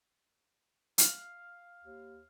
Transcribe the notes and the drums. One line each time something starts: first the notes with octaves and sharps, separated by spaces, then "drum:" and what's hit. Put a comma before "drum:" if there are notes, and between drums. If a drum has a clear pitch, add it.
F5, drum: hi-hat
D#2